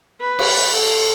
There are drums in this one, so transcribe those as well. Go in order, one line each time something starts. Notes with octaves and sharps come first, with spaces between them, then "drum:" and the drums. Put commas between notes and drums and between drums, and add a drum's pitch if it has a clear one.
B4
drum: cymbal
A4